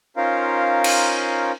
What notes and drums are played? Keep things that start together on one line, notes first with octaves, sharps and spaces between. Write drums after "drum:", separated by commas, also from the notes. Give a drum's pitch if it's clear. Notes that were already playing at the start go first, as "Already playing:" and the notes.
C#4 D#4 F4 A#4 C5 F5
drum: cymbal